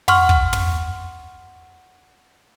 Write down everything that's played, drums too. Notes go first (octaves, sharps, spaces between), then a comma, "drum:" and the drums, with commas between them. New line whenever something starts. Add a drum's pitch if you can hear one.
F#5 C6 C#6 F6, drum: tom
drum: kick
drum: tom